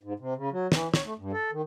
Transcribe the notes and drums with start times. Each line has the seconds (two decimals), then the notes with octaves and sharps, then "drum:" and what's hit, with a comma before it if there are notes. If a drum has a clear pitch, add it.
0.03 G#2
0.19 C3
0.36 C#3
0.52 F#3
0.72 E3, drum: snare
0.94 C#5, drum: snare
1.05 A3
1.19 G2
1.32 A4
1.52 D#3